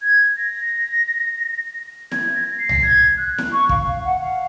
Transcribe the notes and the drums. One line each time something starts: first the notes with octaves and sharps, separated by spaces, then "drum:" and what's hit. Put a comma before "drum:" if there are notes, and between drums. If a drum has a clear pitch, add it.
G#6
A#6
G#6, drum: snare E4
A#6
C7
drum: tom C2
G#6
F#6
drum: snare E4
C#6
F5, drum: kick
F5
F#5
F5